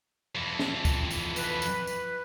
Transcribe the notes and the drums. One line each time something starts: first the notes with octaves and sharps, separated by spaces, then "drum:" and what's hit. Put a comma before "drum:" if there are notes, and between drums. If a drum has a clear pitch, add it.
F2 E3
drum: snare
drum: kick, tambourine
drum: tambourine
B4, drum: tambourine
drum: tambourine
drum: tambourine